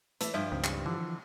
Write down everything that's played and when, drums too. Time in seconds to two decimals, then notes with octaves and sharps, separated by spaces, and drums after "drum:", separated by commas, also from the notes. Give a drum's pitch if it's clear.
0.21 E3 A3, drum: hi-hat
0.34 G2 F3 G3 E4 B4 E5
0.52 C#2 D#3 C4
0.64 drum: clap
0.86 D3 E3 F3